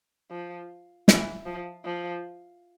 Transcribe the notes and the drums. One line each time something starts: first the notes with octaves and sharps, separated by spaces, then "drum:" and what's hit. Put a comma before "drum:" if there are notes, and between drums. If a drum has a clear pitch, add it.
F3
E3, drum: snare
F3
F3